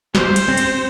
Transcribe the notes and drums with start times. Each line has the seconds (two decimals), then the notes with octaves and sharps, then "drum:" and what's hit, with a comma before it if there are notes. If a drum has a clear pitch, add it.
0.15 C5, drum: snare
0.36 drum: cymbal
0.48 C4
0.57 drum: cymbal